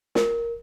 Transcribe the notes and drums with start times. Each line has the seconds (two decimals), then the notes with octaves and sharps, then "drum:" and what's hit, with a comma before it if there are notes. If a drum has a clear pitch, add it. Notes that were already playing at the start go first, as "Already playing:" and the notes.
0.15 A#4, drum: snare